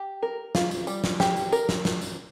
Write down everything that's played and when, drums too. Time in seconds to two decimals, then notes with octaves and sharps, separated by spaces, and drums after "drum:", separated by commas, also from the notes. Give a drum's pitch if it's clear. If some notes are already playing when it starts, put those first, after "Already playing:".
Already playing: G4
0.23 A#4
0.55 F4, drum: snare
0.71 drum: tambourine
0.87 G3, drum: tambourine
1.04 drum: snare
1.20 G4, drum: snare
1.36 drum: tambourine
1.52 A#4, drum: tambourine
1.69 drum: snare
1.85 drum: snare
2.01 drum: tambourine